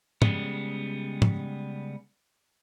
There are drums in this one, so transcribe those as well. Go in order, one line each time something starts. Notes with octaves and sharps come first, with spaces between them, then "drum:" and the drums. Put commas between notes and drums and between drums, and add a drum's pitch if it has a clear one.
C#3 G3 G#3 B3, drum: tom
drum: tom